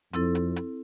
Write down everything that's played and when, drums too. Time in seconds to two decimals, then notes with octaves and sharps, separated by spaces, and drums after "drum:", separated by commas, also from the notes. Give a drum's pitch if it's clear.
0.13 F2 C4 E4 A4, drum: hi-hat
0.35 drum: hi-hat
0.56 drum: hi-hat